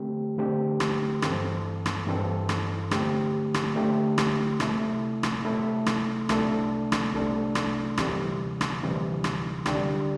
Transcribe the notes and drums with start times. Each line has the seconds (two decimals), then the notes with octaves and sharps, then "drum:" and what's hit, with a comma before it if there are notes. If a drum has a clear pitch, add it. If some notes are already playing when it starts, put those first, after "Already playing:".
Already playing: D3 A3 C4 G4
0.38 D3 A3 C4 G4
0.80 drum: rim click
1.22 G2 E3 C4 A4, drum: rim click
1.86 drum: rim click
2.07 G2 E3 C4 A4
2.49 drum: rim click
2.91 D3 A3 C4 G4, drum: rim click
3.54 drum: rim click
3.75 D3 A3 C4 G4
4.18 drum: rim click
4.60 C3 A3 E4 A4, drum: rim click
5.23 drum: rim click
5.44 C3 A3 E4 A4
5.86 drum: rim click
6.29 C2 C3 A3 D4 A4, drum: rim click
6.92 drum: rim click
7.13 C2 C3 A3 D4 A4
7.55 drum: rim click
7.97 D2 C3 E3 G3, drum: rim click
8.61 drum: rim click
8.82 D2 C3 E3 G3
9.24 drum: rim click
9.66 D3 G3 D4 G4, drum: rim click